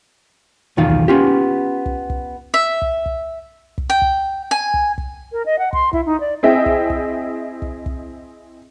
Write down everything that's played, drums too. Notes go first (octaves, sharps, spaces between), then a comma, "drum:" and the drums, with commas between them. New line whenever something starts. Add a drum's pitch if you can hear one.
B1 E2 D#3 F4 F5
drum: kick
B3 C#4 F4 G4
drum: kick
drum: kick
E5
drum: kick
drum: kick
drum: kick
G5
drum: kick
G#5
drum: kick
drum: kick
A#4
D#5
F#5
C6, drum: kick
E4, drum: kick
D#4
D5
C4 E4 G#4 D#5 E5 G5
drum: kick
drum: kick
drum: kick
drum: kick